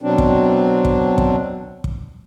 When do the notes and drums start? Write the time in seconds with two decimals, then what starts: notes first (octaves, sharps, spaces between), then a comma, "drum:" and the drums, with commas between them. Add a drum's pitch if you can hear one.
0.02 B2 F#3 C4 D4
0.18 drum: kick
0.85 drum: kick
1.18 drum: kick
1.84 drum: kick